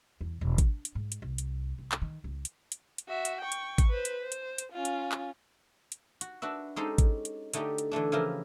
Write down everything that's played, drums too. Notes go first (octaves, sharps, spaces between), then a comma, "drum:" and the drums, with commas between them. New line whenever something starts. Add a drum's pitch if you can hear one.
E2
E1
D4, drum: kick G#1, hi-hat
drum: hi-hat
G#2
drum: hi-hat
C2
drum: hi-hat
C2
drum: clap
D#3
C#2
drum: hi-hat
drum: hi-hat
drum: hi-hat
F#4 E5
drum: hi-hat
G5 C#6
drum: hi-hat
drum: kick G#1, hi-hat
B4 C5
drum: hi-hat
C5
drum: hi-hat
drum: hi-hat
C#4 F4
drum: hi-hat
drum: clap
drum: hi-hat
F#4, drum: hi-hat
D4 F#4 B4 E5
G#3 C#4 D#4 G4 A4 C5
drum: kick G#1, hi-hat
drum: hi-hat
D3 A3 D#4 G4 D5, drum: hi-hat
drum: hi-hat
D3 E3 A3 D4
C#3 E3 F3 E4 G4 A#4